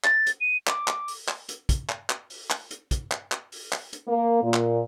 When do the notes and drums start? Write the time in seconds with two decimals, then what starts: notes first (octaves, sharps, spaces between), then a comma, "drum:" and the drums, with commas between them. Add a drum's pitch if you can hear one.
0.04 A6, drum: clap
0.27 drum: hi-hat
0.40 D#7
0.67 D6, drum: clap
0.88 drum: clap
1.08 drum: open hi-hat
1.28 drum: clap
1.49 drum: hi-hat
1.69 drum: kick, hi-hat
1.89 drum: clap
2.10 drum: clap
2.30 drum: open hi-hat
2.50 drum: clap
2.71 drum: hi-hat
2.91 drum: kick, hi-hat
3.11 drum: clap
3.32 drum: clap
3.52 drum: open hi-hat
3.72 drum: clap
3.93 drum: hi-hat
4.08 A#3
4.42 A#2
4.54 drum: clap